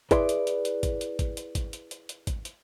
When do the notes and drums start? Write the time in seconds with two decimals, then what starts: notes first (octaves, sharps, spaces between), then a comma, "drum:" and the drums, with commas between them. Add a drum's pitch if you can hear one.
0.11 E4 G#4 B4 D5 E5 C6, drum: kick G#1, hi-hat
0.29 drum: hi-hat
0.47 drum: hi-hat
0.65 drum: hi-hat
0.83 drum: kick G#1, hi-hat
1.01 drum: hi-hat
1.19 drum: kick G#1, hi-hat
1.37 drum: hi-hat
1.55 drum: kick G#1, hi-hat
1.73 drum: hi-hat
1.91 drum: hi-hat
2.09 drum: hi-hat
2.27 drum: kick G#1, hi-hat
2.45 drum: hi-hat